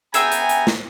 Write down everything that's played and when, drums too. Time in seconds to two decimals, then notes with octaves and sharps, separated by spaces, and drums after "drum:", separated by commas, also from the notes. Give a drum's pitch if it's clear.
0.14 B3 G#4 E5 G5 G#5 A#5, drum: hi-hat
0.32 drum: hi-hat
0.49 drum: hi-hat
0.67 drum: snare